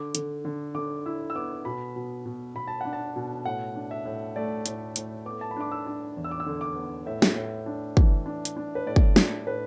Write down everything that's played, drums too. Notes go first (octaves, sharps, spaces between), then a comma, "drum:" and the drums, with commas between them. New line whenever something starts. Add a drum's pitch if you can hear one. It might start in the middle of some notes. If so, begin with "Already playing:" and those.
Already playing: D3 D6
D3, drum: hi-hat
D3
D3 D6
E4 E6
E6
B3 D6
B2 B5
B2
B2
B2 B5
A5
D4 F#5
A5
B2
A2 F#5
D4
E5
A2
A3 D5
A2, drum: hi-hat
A2, drum: hi-hat
B3 D6
A5
B5
D4 D6
E6
D4
E2
E6
D6
E6
D3
D6
B3
A2 E5
drum: snare
A2
D4
E3, drum: kick
D4
drum: hi-hat
D4
B4
A2 D5
drum: kick
D4 D5, drum: snare
A2 B4